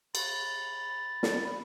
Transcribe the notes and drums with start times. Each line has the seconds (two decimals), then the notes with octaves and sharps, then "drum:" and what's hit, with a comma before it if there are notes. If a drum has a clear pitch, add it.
0.15 B5 A6, drum: cymbal
1.23 drum: snare